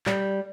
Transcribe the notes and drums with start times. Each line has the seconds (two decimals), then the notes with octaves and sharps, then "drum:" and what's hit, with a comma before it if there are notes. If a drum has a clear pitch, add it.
0.06 G3, drum: clap